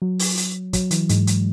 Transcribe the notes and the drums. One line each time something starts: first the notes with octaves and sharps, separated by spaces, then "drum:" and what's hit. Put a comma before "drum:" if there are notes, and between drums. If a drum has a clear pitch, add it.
F#3
drum: open hi-hat
drum: hi-hat
F#3, drum: kick, hi-hat
E3, drum: hi-hat
G#2 G#3, drum: hi-hat
drum: hi-hat